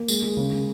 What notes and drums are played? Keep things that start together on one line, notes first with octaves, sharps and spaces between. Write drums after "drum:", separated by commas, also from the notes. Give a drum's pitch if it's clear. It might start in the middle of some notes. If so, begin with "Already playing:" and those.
Already playing: A#3
G#3, drum: tambourine
G#3
C#3
C#3